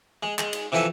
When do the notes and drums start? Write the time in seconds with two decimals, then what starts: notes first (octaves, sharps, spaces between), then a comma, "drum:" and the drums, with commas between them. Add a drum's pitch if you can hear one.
0.23 G#3
0.39 G#3, drum: clap
0.53 drum: cymbal
0.72 C3 E3 F3 A4 E5 G#5